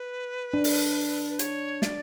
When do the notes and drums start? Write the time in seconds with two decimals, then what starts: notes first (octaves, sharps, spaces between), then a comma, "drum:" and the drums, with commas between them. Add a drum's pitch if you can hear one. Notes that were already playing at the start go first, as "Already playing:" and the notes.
Already playing: B4
0.54 D4
0.64 drum: open hi-hat
1.30 B4
1.39 C#5, drum: hi-hat
1.82 D5, drum: snare